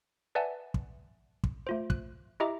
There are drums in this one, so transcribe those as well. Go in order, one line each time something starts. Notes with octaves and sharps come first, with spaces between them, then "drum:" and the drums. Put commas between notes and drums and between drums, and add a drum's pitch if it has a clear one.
B4 D5 E5 F#5 G#5 A5
drum: kick
drum: kick
A3 F4 C5
F#6, drum: kick
E4 G4 D#5 E5 A#5 D6